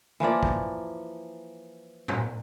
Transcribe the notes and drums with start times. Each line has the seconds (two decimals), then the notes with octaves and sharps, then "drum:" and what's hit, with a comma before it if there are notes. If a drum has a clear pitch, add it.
0.20 E3 F3 A#3 D5
0.43 drum: kick
2.08 drum: tom A2